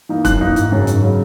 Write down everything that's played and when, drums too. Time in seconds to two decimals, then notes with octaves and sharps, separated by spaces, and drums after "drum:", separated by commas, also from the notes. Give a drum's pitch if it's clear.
0.09 E3 A#3 D#4
0.25 F#2 F#6, drum: kick, hi-hat
0.40 E3 A#3 D#4
0.56 G#1, drum: hi-hat
0.72 F#2 C#3 F#3
0.87 G#1, drum: hi-hat
1.02 C#3 F#3